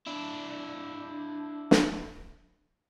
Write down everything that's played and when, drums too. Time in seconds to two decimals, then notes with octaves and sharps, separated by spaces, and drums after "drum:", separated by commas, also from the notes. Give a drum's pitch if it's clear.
0.06 D4 E4
1.71 drum: snare